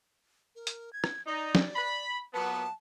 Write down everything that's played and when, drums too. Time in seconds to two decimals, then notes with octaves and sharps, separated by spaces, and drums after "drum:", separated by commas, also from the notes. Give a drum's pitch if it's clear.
0.55 A#4
0.67 drum: hi-hat
0.93 G#6
1.04 drum: rim click
1.26 D#4 D5
1.55 drum: snare
1.75 B5
2.34 A#2 F#3 B3 A5